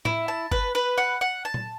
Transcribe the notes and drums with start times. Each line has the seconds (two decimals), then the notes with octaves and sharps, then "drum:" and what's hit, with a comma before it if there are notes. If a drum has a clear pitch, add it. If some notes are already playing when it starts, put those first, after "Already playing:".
0.05 E4, drum: tom
0.28 A5
0.52 B4, drum: kick G1
0.75 B4
0.98 F#5
1.21 F#5
1.45 A5
1.54 drum: tom A#2